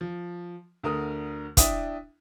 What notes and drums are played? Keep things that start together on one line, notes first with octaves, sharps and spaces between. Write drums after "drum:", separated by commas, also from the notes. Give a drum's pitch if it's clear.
F3
D2 D3 A#4 D#6
D4 E4 E5 G5 D#6, drum: kick, hi-hat